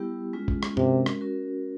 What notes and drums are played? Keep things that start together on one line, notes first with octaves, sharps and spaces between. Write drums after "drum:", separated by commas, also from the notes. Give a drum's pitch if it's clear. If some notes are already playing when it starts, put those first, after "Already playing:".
Already playing: G3 B3 E4 G4
G#3 C#4 F4 G#4
drum: kick A1
drum: rim click
C3 G#3 C#4 F#4 A#4, drum: tom G2
drum: rim click
C#4 F#4 A#4